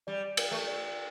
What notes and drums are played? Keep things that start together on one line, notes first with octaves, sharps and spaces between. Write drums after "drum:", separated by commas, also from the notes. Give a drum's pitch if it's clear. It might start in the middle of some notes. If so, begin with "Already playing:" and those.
G3 D5
A#4, drum: cymbal
A3
D5